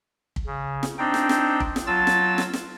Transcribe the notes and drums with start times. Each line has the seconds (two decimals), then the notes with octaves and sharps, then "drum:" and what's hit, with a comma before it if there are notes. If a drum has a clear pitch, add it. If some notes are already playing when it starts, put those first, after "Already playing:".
0.36 drum: kick
0.46 C#3
0.83 drum: snare
0.98 C4 D4 D#4 G5
1.14 drum: snare
1.29 drum: snare
1.60 drum: kick
1.76 drum: snare
1.87 F#3 F4 A5 E6 A6
2.07 drum: snare
2.38 drum: snare
2.53 drum: snare